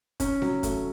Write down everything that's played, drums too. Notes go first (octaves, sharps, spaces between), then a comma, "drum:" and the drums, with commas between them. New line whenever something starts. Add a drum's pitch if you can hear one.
C#4, drum: kick, hi-hat
F#3, drum: snare C4
A3, drum: kick, hi-hat